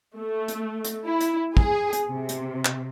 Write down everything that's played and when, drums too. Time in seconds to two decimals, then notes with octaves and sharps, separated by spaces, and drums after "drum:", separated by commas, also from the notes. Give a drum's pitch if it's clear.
0.16 A3
0.48 drum: hi-hat
0.84 drum: hi-hat
1.04 E4
1.21 drum: hi-hat
1.57 G#4, drum: kick
1.93 drum: hi-hat
2.11 C3
2.29 drum: hi-hat
2.65 drum: clap